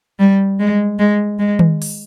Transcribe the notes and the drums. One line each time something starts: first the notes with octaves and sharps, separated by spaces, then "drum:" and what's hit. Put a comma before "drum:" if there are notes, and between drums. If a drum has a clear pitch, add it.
G3
G#3
G#3
G#3
drum: tom D#3
drum: open hi-hat